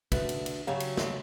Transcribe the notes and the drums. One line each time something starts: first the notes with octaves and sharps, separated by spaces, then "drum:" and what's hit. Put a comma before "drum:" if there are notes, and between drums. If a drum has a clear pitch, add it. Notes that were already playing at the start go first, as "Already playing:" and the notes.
D3 A3 F#4 B4, drum: kick, cymbal
drum: cymbal
drum: cymbal
C#3 F#3 F#4 G4 E5 F5
drum: cymbal
drum: snare